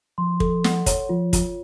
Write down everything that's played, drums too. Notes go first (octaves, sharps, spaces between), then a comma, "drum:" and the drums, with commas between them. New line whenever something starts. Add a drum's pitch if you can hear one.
F3 C6
A4, drum: kick
F#5, drum: snare
C#5, drum: kick, hi-hat
F3 F4
F4, drum: kick, hi-hat